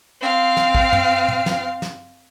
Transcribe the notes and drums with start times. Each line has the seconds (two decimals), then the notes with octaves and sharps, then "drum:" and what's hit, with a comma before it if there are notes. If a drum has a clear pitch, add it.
0.21 C4 F5
0.57 drum: snare
0.75 drum: kick
0.93 drum: tom
1.28 drum: tom
1.46 drum: snare
1.82 drum: snare